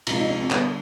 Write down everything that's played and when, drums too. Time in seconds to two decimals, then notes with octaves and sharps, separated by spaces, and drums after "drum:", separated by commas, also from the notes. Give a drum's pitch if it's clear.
0.07 C3 F3 G#3 F4, drum: cymbal
0.17 D#4
0.28 D4
0.39 C4
0.51 D3 G3 B3, drum: clap